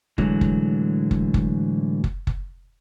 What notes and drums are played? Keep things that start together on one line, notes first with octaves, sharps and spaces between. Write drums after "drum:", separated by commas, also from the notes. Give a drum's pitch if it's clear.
A2 D3 E3 F#3 G#3, drum: kick F#1
drum: kick F#1
drum: kick F#1
drum: kick F#1
drum: kick F#1
drum: kick F#1